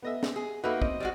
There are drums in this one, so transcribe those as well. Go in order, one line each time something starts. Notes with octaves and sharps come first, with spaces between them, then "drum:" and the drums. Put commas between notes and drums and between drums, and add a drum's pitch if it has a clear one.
B3 D#5 E5
drum: snare
G#4
A#3 D#4 F#4 B4 E5 B5
C4 D#5, drum: kick
G3 G#3 F#4